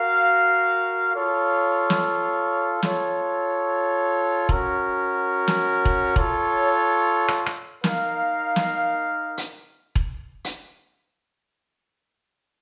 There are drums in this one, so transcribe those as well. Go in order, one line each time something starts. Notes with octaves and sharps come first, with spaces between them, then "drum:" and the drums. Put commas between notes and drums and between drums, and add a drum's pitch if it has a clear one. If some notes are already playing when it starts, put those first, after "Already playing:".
Already playing: F#4 A#4 F5
F4 A4 C#5 F5
drum: snare
F4 A4 C#5, drum: snare
C#4 F#4 A#4, drum: kick E1
drum: snare
drum: kick E1
F4 A4 C#5, drum: kick E1
drum: rim click
drum: rim click
D#4 A#4 F5, drum: snare
drum: snare
drum: hi-hat
drum: kick E1
drum: hi-hat